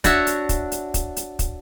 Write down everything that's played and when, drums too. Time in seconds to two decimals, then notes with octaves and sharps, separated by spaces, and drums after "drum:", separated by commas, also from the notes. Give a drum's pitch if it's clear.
0.04 D4 F#4 C#5 E5, drum: kick, hi-hat
0.27 drum: hi-hat
0.49 drum: kick, hi-hat
0.72 drum: hi-hat
0.94 drum: kick, hi-hat
1.16 drum: hi-hat
1.39 drum: kick, hi-hat